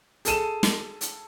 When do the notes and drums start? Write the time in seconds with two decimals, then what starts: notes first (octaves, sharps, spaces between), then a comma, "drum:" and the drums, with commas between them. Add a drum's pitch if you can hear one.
0.25 G#4 A4 D#7 E7, drum: hi-hat
0.63 drum: snare
1.01 drum: hi-hat